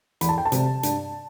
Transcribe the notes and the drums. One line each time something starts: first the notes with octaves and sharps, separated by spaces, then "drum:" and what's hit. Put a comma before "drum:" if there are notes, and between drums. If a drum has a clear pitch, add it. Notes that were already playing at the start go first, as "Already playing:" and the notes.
E2 B5, drum: hi-hat
A5
G5
A5
C3 G3, drum: hi-hat
G2, drum: hi-hat